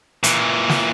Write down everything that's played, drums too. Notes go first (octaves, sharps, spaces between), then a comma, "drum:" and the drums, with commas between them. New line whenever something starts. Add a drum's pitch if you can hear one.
A#2 E3, drum: hi-hat
drum: snare